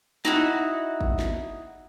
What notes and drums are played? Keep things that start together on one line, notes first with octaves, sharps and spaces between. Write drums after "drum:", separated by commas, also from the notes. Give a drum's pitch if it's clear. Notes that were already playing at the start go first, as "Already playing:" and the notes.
D#4 E4 F#4, drum: snare
drum: kick
drum: snare